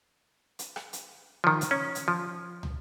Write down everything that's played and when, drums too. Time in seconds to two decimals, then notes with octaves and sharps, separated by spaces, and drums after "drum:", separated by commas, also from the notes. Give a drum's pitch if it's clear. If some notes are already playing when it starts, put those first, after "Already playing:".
0.59 drum: hi-hat
0.76 drum: rim click
0.93 drum: hi-hat
1.44 D#3 F3
1.61 drum: hi-hat
1.71 C#4
1.95 drum: hi-hat
2.08 F3
2.63 drum: tom